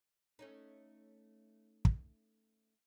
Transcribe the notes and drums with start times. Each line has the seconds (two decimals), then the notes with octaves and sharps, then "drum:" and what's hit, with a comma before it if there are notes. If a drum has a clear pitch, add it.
0.39 A3 C#4 D#4
1.85 drum: kick